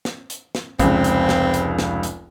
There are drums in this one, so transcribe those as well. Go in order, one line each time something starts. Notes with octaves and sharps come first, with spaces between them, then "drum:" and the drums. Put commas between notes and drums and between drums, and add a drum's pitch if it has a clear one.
drum: snare
drum: hi-hat
drum: snare
F1 C#2 C4, drum: kick, hi-hat
drum: hi-hat
drum: snare
drum: hi-hat
drum: snare
drum: hi-hat